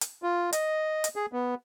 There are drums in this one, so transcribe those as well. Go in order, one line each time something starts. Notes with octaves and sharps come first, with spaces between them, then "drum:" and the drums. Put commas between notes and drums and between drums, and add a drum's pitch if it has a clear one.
drum: hi-hat
F4
D#5, drum: hi-hat
drum: hi-hat
G#4
B3